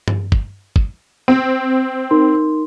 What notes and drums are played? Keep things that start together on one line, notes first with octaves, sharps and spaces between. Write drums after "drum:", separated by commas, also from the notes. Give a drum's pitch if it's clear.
drum: tom G2
drum: kick
drum: kick
C4
D#4 A#4 C6